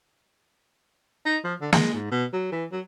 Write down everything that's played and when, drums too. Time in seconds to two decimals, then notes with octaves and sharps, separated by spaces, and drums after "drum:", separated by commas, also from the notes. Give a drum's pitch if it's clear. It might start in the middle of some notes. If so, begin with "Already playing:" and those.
1.26 D#4
1.44 F3
1.61 D3
1.73 G#3, drum: snare
1.94 G#2
2.11 B2
2.33 F#3
2.52 E3
2.72 F#3